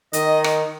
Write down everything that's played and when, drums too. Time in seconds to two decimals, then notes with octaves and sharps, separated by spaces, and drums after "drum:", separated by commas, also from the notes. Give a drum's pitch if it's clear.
0.13 D#3 D#5, drum: hi-hat
0.44 drum: rim click